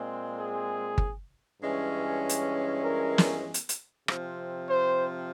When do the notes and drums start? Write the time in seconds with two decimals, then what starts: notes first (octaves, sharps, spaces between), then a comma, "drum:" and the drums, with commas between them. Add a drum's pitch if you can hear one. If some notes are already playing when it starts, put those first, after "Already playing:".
Already playing: A#2 G#3 C4
0.39 G#4
0.98 drum: kick G1
1.62 G2 E3 G#3 C#4
2.29 drum: hi-hat
2.85 A#4
3.18 drum: snare
3.54 drum: hi-hat
3.69 drum: hi-hat
4.08 C3 F3 C4, drum: rim click
4.69 C5